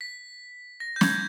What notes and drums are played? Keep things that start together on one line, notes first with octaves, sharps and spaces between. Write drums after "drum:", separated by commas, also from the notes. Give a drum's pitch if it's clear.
B6
A#6
G6
G#6, drum: snare